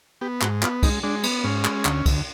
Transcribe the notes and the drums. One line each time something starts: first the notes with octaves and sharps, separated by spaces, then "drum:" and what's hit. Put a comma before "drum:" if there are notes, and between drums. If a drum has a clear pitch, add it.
B3 G4
G#2 F#4, drum: clap
B3 F4, drum: clap
G#3 D#4, drum: kick, cymbal
G#3 D4
B3, drum: cymbal
G#2 C#4
G#3, drum: clap
D2, drum: clap
D2, drum: kick, cymbal